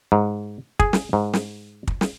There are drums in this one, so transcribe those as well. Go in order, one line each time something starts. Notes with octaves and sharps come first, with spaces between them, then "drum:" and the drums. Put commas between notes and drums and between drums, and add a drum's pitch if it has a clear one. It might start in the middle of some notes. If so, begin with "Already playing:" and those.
G#2
G#4, drum: kick
drum: snare
G#2
drum: snare
drum: kick
drum: snare